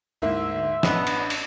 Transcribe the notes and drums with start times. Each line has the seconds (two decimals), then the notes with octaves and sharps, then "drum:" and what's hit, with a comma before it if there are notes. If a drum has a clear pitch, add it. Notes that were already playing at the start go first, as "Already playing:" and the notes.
0.22 D2 G#2 A#3 E4 E5
0.83 A1 B3 D4 D#5 E7, drum: snare
1.07 drum: cymbal
1.30 drum: cymbal